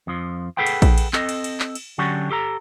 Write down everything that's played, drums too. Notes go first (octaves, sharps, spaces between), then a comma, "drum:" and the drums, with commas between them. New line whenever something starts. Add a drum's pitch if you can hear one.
F2 F3
G#4 A4 B4 F#5 G5
drum: cymbal
drum: kick A#1, cymbal
drum: cymbal
C4 A4 D#5, drum: clap
drum: cymbal
drum: cymbal
drum: clap
drum: cymbal
D3 F#3 C#4 D4 F#4 G4
G4 A4 A#5